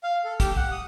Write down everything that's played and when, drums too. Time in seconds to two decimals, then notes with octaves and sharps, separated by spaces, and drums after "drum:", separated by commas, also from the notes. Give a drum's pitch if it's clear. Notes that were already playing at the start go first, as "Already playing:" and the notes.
0.03 F5
0.24 A4
0.40 G4, drum: kick, hi-hat
0.56 F#5
0.71 D#6